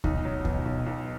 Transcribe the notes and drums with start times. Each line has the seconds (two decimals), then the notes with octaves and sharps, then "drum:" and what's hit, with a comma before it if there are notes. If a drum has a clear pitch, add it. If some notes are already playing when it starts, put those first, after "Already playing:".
0.04 B1 D#4, drum: kick D2
0.25 F#3
0.45 B2, drum: kick D2
0.65 B1
0.86 B1